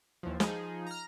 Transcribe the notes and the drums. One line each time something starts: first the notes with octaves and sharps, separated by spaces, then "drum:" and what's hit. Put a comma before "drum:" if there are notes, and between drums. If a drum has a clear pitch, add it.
D#2 E3 F3
F3 D#4 G#4, drum: snare
A#5 F6